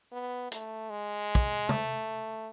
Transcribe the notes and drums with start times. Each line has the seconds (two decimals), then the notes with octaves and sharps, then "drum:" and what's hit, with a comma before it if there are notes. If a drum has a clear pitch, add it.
0.12 B3
0.52 A3, drum: hi-hat
0.90 G#3
1.35 drum: kick
1.69 A3, drum: tom C3